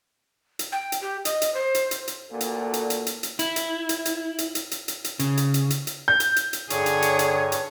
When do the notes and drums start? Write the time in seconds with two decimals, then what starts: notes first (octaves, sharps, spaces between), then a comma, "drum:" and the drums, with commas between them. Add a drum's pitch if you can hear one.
0.59 drum: hi-hat
0.72 G5
0.92 drum: hi-hat
1.01 G4
1.25 D#5, drum: hi-hat
1.42 drum: hi-hat
1.54 C5
1.75 drum: hi-hat
1.91 drum: hi-hat
2.08 drum: hi-hat
2.31 D2 A#2 A#3 F#4 A4 A#4
2.41 drum: hi-hat
2.74 drum: hi-hat
2.90 drum: hi-hat
3.07 drum: hi-hat
3.23 drum: hi-hat
3.39 E4, drum: hi-hat
3.56 drum: hi-hat
3.89 drum: hi-hat
4.05 drum: hi-hat
4.38 drum: hi-hat
4.55 drum: hi-hat
4.71 drum: hi-hat
4.88 drum: hi-hat
5.04 drum: hi-hat
5.19 C#3, drum: hi-hat
5.37 drum: hi-hat
5.54 drum: hi-hat
5.70 drum: hi-hat
5.87 drum: hi-hat
6.08 G6
6.20 drum: hi-hat
6.36 drum: hi-hat
6.53 drum: hi-hat
6.70 G2 D3 G#4 C#5 C#6, drum: hi-hat
6.86 drum: hi-hat
7.02 drum: hi-hat
7.19 drum: hi-hat
7.52 drum: hi-hat